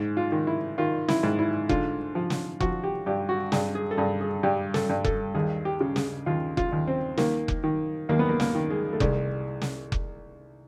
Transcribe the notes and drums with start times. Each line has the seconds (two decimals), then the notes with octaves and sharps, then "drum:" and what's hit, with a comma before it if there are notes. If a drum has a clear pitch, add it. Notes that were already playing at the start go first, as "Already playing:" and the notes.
Already playing: G#2
0.17 F4
0.32 D#3
0.47 E4
0.78 D#3 F4
1.08 E4, drum: snare
1.23 G#2
1.39 E4
1.69 D3 F4, drum: kick F1
2.15 F3
2.30 drum: snare
2.60 F3 F#4, drum: kick F1
2.84 G4
3.06 G2 G4
3.29 F#4
3.52 G2 G#4, drum: snare
3.75 G#4
3.91 A4
3.97 G2 G#4
4.21 G#4
4.43 G2 G4
4.74 A4, drum: snare
4.89 G2
5.04 A4, drum: kick F1
5.34 D#2 G#4
5.65 G4
5.80 C#3
5.96 G#4, drum: snare
6.26 D#2 F4
6.57 F4, drum: kick F1
6.72 D#2
6.87 C4
7.17 D#3 A#3, drum: snare
7.48 drum: kick F1
7.64 D#3
8.09 D#2 A#3
8.19 B3
8.29 A#3
8.40 A#3, drum: snare
8.55 D#3
8.71 G#3
8.93 A3
9.00 C2 G#3, drum: kick F1
9.61 drum: snare
9.92 drum: kick F1